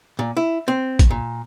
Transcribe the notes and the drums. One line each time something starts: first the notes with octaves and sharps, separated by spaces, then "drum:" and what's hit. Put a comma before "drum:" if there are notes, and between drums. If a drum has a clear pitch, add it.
A#2
E4
C4
drum: kick A1, hi-hat
A#2